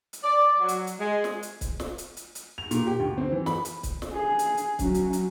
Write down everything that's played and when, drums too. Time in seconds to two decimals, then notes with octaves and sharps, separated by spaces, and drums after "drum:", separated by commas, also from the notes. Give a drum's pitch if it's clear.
0.13 drum: hi-hat
0.24 D5
0.59 F#3
0.68 drum: hi-hat
0.87 drum: hi-hat
1.00 G#3
1.24 drum: snare
1.43 drum: hi-hat
1.61 drum: kick C#1, hi-hat
1.80 drum: snare
1.98 drum: hi-hat
2.17 drum: hi-hat
2.35 drum: hi-hat
2.58 F7
2.71 A#2, drum: hi-hat
2.87 G4
3.00 D2
3.18 C4
3.32 E3
3.46 B5, drum: snare
3.65 drum: hi-hat
3.83 drum: kick C#1, hi-hat
4.02 drum: snare
4.13 G#4
4.39 drum: hi-hat
4.57 drum: hi-hat
4.79 F#3 C#4, drum: kick C#1, hi-hat
4.94 drum: hi-hat
5.13 drum: hi-hat